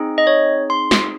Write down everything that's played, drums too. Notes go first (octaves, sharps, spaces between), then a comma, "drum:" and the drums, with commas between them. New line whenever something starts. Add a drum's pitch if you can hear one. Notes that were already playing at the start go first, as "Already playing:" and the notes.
Already playing: C4 D#4 G#4
D#5
C#5
C6
drum: snare